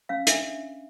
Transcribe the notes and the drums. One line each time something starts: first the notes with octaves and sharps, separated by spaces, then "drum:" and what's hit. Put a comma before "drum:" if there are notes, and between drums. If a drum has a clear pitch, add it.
C#4 F5
D4 E5, drum: hi-hat